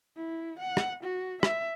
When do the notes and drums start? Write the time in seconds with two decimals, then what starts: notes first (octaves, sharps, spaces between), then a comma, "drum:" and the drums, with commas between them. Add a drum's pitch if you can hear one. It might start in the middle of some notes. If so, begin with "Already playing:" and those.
0.16 E4
0.60 F#5
0.77 drum: rim click
1.04 F#4
1.43 E5, drum: rim click